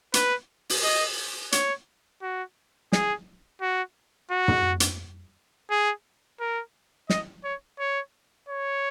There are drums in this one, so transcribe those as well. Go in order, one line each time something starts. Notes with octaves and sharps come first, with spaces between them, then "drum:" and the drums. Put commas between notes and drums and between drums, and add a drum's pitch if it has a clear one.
B4, drum: hi-hat
drum: open hi-hat
D#5
C#5, drum: hi-hat
F#4
G#4, drum: snare
F#4
F#4
drum: tom
drum: hi-hat
G#4
A#4
D#5, drum: snare
C#5
C#5
C#5